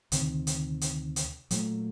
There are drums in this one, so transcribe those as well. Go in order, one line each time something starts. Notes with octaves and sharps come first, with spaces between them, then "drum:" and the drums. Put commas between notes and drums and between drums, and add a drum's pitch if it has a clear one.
D2 C3 D#3, drum: hi-hat
drum: hi-hat
drum: hi-hat
drum: hi-hat
A#2 F#3 A3, drum: hi-hat